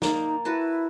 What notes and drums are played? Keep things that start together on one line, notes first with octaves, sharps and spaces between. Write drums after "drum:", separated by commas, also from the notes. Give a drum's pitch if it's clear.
A#3 D#4 D5, drum: snare
E4 F#4 B4 A5